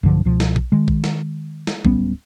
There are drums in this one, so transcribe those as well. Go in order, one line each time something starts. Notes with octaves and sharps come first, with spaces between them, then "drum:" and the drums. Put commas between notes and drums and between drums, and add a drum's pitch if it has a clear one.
B1 G2 D3 F3
C#2 B2 F3
drum: snare
drum: kick A#1
D#3 G#3
drum: kick A#1
drum: snare
drum: snare
D1 G3 B3 C#4, drum: kick A#1